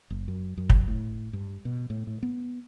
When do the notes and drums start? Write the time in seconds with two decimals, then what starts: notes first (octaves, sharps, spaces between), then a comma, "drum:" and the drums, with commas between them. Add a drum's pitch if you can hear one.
0.10 F#1
0.28 F#2
0.57 F#2
0.70 drum: kick
0.88 A2
1.33 G2
1.65 B2
1.90 A2
2.07 A2
2.23 B3